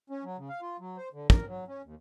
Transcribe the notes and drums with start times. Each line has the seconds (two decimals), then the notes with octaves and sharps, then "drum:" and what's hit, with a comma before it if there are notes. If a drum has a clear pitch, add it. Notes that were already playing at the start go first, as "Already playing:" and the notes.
0.10 C#4
0.24 F#3
0.38 C#3
0.49 F5
0.62 F4
0.79 F#3
0.97 C5
1.13 D3
1.30 A#4, drum: kick
1.47 F#3
1.68 C#4
1.84 D#2